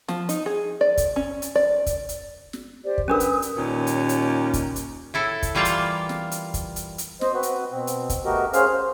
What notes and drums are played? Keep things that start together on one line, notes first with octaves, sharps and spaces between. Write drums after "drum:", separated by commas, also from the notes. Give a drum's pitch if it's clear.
F3, drum: snare
D#4, drum: hi-hat
G#4
D5
drum: kick, hi-hat
C#4
drum: hi-hat
D5
drum: kick, hi-hat
drum: hi-hat
drum: snare
G4 C5 D5
drum: kick
C#4 D4 A#4 B4 D#6
drum: hi-hat
drum: hi-hat
D#2 A#2 C#4
drum: hi-hat
drum: hi-hat
drum: kick, hi-hat
drum: hi-hat
A2 E4 A4
drum: kick, hi-hat
E3 G3 A#3 F4 F5 G5
drum: hi-hat
drum: snare
drum: hi-hat
drum: kick, hi-hat
drum: hi-hat
drum: hi-hat
C5 D#5, drum: snare
C4 F#4 B4
drum: hi-hat
B2 C4
drum: hi-hat
drum: kick, hi-hat
A3 B3 F#4 G4 A#4 D#5
C#4 G#4 C5 F5 F6, drum: hi-hat
C5